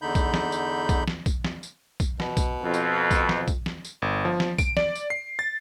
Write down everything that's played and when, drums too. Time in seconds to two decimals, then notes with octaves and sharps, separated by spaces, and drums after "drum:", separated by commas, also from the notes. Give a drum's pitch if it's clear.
0.02 E2 D3 D#4 B5 G6
0.15 drum: kick B1, tambourine
0.34 drum: snare
0.52 drum: tambourine
0.89 drum: kick B1, tambourine
1.08 drum: snare
1.26 drum: kick B1, tambourine
1.44 drum: snare
1.63 drum: tambourine
2.00 drum: kick B1, tambourine
2.20 B2, drum: snare
2.37 drum: kick B1, tambourine
2.62 F2
2.74 drum: tambourine
3.11 drum: kick B1, tambourine
3.29 drum: snare
3.48 drum: kick B1, tambourine
3.66 drum: snare
3.85 drum: tambourine
4.02 G1
4.25 F3
4.40 drum: snare
4.58 D7, drum: kick B1, tambourine
4.77 D5, drum: snare
4.95 drum: tambourine
5.10 C7
5.39 A6